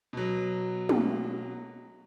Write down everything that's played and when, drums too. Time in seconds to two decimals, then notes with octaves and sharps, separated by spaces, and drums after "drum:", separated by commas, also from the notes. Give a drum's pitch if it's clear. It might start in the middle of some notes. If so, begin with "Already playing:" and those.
0.13 B2 F#3
0.89 drum: tom